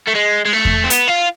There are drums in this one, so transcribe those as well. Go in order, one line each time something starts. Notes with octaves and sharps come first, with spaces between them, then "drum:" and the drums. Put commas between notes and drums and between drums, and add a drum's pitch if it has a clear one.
A3
G#3
G#3
A3
drum: kick E2
C4
B3, drum: hi-hat
F4